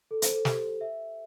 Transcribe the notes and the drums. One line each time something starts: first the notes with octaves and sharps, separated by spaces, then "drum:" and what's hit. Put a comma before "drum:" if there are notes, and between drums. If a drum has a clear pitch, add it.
A4
C5, drum: hi-hat
A4
G4, drum: snare
E5